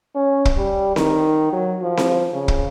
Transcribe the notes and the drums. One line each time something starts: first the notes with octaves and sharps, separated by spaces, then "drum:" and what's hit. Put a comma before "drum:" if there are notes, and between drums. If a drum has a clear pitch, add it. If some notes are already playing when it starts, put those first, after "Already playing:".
C#4
drum: kick
G3
D#3, drum: snare C4
F#3
F3
drum: snare C4
C#3
drum: kick